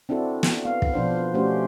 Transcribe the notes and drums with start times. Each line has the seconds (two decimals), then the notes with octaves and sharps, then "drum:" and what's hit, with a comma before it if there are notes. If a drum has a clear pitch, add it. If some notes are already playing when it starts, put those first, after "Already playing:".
0.09 C4 D4 E4 F#4 A4
0.43 drum: snare
0.65 B3 F5
0.82 drum: kick
0.94 B2 F3 D4 C5
1.34 A3 C#4 D4 F#4 G4 C5